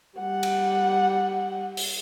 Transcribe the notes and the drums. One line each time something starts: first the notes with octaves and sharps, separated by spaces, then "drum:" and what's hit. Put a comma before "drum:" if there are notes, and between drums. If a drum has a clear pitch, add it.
G3 F#5
drum: cymbal
drum: open hi-hat